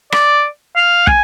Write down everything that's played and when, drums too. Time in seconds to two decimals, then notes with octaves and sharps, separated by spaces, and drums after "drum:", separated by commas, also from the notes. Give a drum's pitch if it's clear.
0.12 D5, drum: rim click
0.76 F5
1.07 G#5, drum: kick